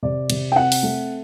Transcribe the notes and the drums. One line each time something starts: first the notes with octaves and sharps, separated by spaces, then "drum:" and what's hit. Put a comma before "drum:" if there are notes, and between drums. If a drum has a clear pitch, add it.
C3 D5
C3, drum: cymbal
G5
C4 F#5
drum: open hi-hat
A3